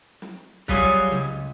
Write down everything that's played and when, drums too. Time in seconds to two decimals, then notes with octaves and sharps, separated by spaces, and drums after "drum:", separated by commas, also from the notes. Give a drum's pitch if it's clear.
0.22 drum: snare
0.68 F#3 G3 F4 G#4 C5 C#5, drum: kick B1
1.12 C#2, drum: snare